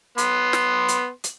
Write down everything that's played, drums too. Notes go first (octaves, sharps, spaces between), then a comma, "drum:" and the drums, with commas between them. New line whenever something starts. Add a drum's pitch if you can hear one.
B3 C6, drum: hi-hat
drum: snare
drum: hi-hat
drum: hi-hat